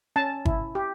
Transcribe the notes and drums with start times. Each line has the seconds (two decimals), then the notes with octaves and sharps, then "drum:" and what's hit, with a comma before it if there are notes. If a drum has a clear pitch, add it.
0.16 C#4 A5
0.45 E4, drum: kick G1
0.75 G4